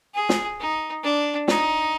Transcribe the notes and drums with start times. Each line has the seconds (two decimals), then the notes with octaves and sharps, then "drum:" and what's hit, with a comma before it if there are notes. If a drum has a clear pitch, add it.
0.14 G#4
0.29 drum: snare
0.60 D#4
1.04 D4
1.48 D#4, drum: snare